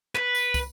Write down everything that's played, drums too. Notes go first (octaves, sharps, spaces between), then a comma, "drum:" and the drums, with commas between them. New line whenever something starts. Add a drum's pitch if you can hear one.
B4, drum: clap
drum: tambourine
drum: kick, tambourine